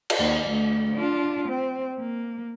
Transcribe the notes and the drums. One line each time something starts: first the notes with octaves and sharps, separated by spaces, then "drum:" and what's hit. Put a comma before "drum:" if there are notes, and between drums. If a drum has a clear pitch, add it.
drum: cymbal
D#2
D2
D4 F4
C4
A#3